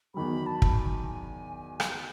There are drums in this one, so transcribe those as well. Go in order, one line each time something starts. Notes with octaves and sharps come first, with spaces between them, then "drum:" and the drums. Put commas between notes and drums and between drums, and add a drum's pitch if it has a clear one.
E2 D#3 F#3 B5
A5
drum: kick
G#5
G#5
drum: rim click